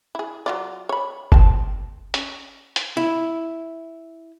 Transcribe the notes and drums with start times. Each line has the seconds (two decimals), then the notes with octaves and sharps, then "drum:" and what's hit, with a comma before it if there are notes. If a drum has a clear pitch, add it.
0.15 E4 G#4
0.46 F#3 F4 D5
0.89 C#5 B5
1.32 C4 A5, drum: kick F#1
2.14 C#4, drum: hi-hat
2.76 drum: hi-hat
2.97 E4